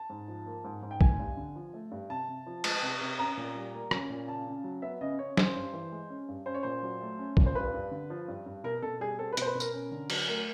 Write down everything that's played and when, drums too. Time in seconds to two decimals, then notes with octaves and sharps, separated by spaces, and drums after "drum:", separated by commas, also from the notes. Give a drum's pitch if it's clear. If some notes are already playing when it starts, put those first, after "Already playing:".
Already playing: A5
0.10 G#2
0.28 F3
0.46 A#3
0.64 G#2
0.82 G#2
0.91 G5
1.01 A3 G#5, drum: kick
1.19 G2
1.37 D3
1.56 F3
1.74 A3
1.91 G2
2.10 C3 A5
2.28 C3
2.46 F3
2.64 G#3, drum: cymbal
2.82 C3
3.01 C3
3.19 C#4 A#5
3.37 A#2
3.56 G3
3.73 A#3
3.91 C#4, drum: rim click
4.10 A#2
4.28 C#3 A5
4.46 C#3
4.64 F#3
4.82 B3 E5
5.01 C#3 D#5
5.19 C#3 C#5
5.37 C#4 C5, drum: snare
5.55 G2
5.73 E3
5.92 G#3
6.10 C#4
6.29 G2
6.46 C#4 C5
6.54 C#5
6.63 A#2 C5
6.83 F#3
7.01 A3
7.19 C#4
7.37 A#2, drum: kick
7.46 C5
7.55 G2 B4
7.74 G2
7.91 D3
8.10 F3
8.28 G2
8.46 G2
8.64 B2 A#4
8.82 B2 A4
9.00 G3 G#4
9.19 C4 A4
9.33 B4
9.37 B2 C5, drum: hi-hat
9.46 B4
9.55 B2
9.60 A#4, drum: tambourine
9.73 C#4
9.91 D3
10.10 F#3, drum: cymbal
10.28 A3 A#4